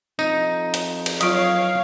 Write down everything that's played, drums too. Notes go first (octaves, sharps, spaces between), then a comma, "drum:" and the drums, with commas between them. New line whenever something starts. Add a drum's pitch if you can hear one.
F2 D#4, drum: tambourine
drum: hi-hat
drum: cymbal
F#3 F4 C#5 F5, drum: hi-hat